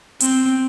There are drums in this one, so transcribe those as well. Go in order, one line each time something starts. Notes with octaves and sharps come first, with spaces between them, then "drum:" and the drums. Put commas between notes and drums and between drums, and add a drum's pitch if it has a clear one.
C4, drum: hi-hat